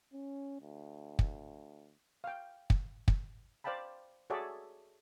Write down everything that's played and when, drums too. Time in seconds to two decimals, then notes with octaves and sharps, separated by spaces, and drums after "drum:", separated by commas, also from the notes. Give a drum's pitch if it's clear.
0.13 C#4
0.61 D2
1.19 drum: kick
2.24 F5 G5
2.70 drum: kick
3.08 drum: kick
3.64 C5 D5 F5 G5 A5 B5
4.30 F#4 G#4 A4 C#5 D5 E5